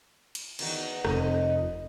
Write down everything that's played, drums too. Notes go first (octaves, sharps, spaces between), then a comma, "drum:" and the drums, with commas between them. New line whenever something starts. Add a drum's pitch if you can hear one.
drum: cymbal
E2 D#3 F#4, drum: cymbal
F1 F2 D#5, drum: rim click